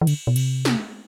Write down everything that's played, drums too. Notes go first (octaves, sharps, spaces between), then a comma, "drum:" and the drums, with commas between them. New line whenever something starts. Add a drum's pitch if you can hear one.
E3
D3, drum: cymbal
B2
C3, drum: cymbal
drum: snare